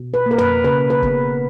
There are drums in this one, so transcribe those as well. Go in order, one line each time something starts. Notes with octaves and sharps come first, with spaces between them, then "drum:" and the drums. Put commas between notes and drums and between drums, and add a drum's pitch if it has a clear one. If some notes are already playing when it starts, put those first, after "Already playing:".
Already playing: B2
B4
A#3 A#4
B4, drum: tom
C#3 B4
B4
B3, drum: kick